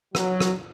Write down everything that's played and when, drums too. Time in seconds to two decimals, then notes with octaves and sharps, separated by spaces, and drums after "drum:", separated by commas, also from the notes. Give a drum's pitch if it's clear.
0.15 F#3, drum: rim click
0.40 drum: rim click